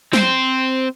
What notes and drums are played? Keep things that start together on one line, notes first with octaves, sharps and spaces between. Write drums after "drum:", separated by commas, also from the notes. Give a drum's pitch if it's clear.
C4 C5, drum: snare